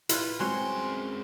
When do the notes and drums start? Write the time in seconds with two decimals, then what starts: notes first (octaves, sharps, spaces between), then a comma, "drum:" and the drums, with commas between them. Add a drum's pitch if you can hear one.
0.09 E4 F4 B4, drum: hi-hat
0.40 F#2 F#3 G#3 C4 C5 C#5 C6